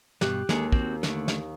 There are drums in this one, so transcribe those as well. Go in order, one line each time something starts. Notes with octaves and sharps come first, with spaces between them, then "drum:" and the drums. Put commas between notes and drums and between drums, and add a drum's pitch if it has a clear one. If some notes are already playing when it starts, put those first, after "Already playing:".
G2 B2 G4 F#6, drum: snare
D#2 G#3 G#4 A4, drum: snare
C4 F#4, drum: kick
D3 A3, drum: snare
drum: snare